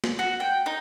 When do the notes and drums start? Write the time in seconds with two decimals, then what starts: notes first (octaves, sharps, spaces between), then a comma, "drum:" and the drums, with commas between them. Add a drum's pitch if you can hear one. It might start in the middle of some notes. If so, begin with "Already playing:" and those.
0.04 drum: snare
0.19 F#4
0.40 G5
0.66 D#4